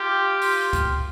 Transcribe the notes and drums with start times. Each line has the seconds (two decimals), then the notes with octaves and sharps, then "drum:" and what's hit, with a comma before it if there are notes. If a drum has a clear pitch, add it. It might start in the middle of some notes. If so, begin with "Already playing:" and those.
Already playing: F4 G4
0.42 F4, drum: open hi-hat
0.73 drum: kick C#2, hi-hat